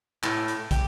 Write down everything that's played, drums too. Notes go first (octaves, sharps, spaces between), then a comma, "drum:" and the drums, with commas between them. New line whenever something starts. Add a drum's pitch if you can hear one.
A2, drum: clap
drum: hi-hat
G4, drum: kick, hi-hat